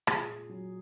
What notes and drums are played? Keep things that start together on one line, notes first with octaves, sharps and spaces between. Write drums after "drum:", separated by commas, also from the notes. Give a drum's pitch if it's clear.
A#2 G#4, drum: rim click
A#2
F#3